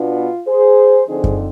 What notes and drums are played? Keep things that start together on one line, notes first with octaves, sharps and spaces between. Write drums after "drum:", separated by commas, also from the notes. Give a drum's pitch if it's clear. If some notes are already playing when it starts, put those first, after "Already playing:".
Already playing: B2 B3 D4 F4
G#4 C5
D3 F3 C4 D#4 G#4 C5
drum: kick F#2